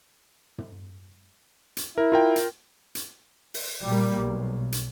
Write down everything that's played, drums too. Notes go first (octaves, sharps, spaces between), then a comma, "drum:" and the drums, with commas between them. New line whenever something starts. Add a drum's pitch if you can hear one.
drum: tom
drum: hi-hat
E4 A#4
F4 A#4 G5
drum: hi-hat
drum: hi-hat
drum: open hi-hat
A#2 G3 A#3
B1
drum: hi-hat